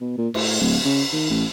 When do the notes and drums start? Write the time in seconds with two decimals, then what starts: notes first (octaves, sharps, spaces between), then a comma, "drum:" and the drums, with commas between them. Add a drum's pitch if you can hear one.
0.01 B2
0.18 A#2
0.34 A2, drum: cymbal
0.61 D1
0.85 C#3
1.13 D#3
1.30 A1